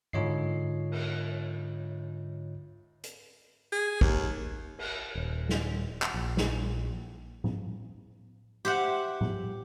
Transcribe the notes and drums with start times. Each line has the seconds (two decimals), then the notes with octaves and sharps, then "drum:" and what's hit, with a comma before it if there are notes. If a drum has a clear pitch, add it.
0.13 G#2 D3 F4 C#5 D#5 C7, drum: tom G2
0.91 drum: cymbal
3.04 drum: hi-hat
3.72 G#4
4.01 D#2, drum: kick
4.79 drum: cymbal
5.15 D#1
5.49 drum: snare
6.02 drum: clap
6.14 A#1
6.37 drum: snare
7.44 drum: tom A2
8.65 G4 C5 E5 F#5
9.21 drum: tom A2